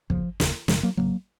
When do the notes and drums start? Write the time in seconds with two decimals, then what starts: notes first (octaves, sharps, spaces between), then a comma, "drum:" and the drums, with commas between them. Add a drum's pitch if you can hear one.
0.10 F1 D#2 C#3 F3, drum: kick
0.40 F1 D#2 C#3, drum: snare
0.68 G#1 F#2 C#3 F3 G#3, drum: snare
0.83 F#3 A#3
0.97 G#1 F#2 C#3 F#3 A#3